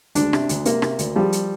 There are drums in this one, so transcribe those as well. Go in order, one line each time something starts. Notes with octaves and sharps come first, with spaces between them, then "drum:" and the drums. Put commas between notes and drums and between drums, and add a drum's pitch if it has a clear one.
D2 D4, drum: hi-hat
C3, drum: rim click
D2, drum: hi-hat
C3 A#3, drum: hi-hat
C3, drum: rim click
D2, drum: hi-hat
F3 G3
drum: hi-hat